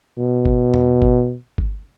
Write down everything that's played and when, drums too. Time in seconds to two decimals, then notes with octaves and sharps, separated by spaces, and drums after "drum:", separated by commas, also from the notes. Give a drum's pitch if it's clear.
0.18 B2
0.45 drum: kick G1
0.74 drum: tom E2
1.02 drum: kick G1
1.58 drum: kick G1